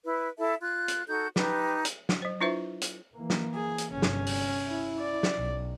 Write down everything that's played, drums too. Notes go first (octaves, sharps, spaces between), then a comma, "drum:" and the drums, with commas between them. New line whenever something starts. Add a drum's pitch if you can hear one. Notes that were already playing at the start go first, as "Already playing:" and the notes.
E4 B4
E4 A4 E5 A5
F4 F#6
drum: hi-hat
D#4 F#4 A4 G6
D#4 G4 B4 A5, drum: snare
drum: hi-hat
drum: snare
F#3 C5
D4 E4 F4 B4 C5 E5
drum: hi-hat
E3 A#3
drum: snare
G#4
drum: hi-hat
G1 C3 C#4
drum: snare
drum: open hi-hat
E4
D5
drum: snare
B1